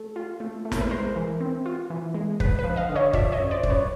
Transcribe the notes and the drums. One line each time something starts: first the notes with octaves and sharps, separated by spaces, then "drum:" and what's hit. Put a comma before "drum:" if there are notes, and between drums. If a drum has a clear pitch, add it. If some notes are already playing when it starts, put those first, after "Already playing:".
Already playing: A3
F4
A3
A3
A#4, drum: snare
B4
G#3 A#4 C5
E3
C4
F4
E3
G#3
D3 B4, drum: kick
B4
F3
D#5 F5
D3
C#5 D#5
F3 D5 E5, drum: kick
C#5 D#5
F#2
C5 D5
F#2, drum: kick
B4 C#5